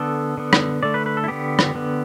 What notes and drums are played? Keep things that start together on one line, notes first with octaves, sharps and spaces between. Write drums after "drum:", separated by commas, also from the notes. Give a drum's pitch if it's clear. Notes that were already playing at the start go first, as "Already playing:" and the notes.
Already playing: D3 B3 A4
D3 B3
drum: rim click
D3 A3 D5
B4
B4
A4
E4
D3 B3 G4
drum: rim click
D3 B3